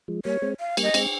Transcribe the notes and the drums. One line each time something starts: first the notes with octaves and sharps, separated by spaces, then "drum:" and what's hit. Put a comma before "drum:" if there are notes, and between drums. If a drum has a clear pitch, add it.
F3 G#3
G3 A#3 C#5
G#3 C4
F5
G3 A#3, drum: cymbal
D#5
G#3 C4, drum: cymbal